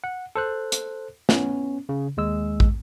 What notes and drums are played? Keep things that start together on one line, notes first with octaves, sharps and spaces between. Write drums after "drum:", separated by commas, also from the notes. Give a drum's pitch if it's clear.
F#5
A4 C5 F#6
drum: hi-hat
B3 C#4, drum: snare
C#3
D#2 G#3 E6
drum: kick